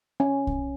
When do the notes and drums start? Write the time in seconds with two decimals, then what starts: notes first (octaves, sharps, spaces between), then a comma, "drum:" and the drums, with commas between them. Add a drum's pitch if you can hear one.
0.20 C#4
0.47 drum: kick B1